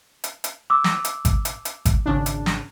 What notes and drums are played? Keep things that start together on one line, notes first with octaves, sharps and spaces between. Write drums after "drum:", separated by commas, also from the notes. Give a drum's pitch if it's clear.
drum: hi-hat
drum: hi-hat
D6 E6
drum: snare
drum: hi-hat
drum: kick G#1, hi-hat
drum: hi-hat
drum: hi-hat
drum: kick G#1, hi-hat
G#1 C#3 D4
drum: hi-hat
drum: snare